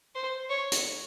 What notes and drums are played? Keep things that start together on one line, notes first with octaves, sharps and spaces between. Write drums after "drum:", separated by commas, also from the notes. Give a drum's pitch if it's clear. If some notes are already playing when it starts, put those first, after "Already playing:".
C5
C#5
drum: hi-hat